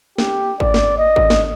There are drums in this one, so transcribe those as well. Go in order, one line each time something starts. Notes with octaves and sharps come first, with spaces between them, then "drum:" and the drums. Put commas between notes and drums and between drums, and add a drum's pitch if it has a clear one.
G4, drum: snare
D5, drum: kick G#1
drum: snare
D#5
drum: kick G#1
drum: snare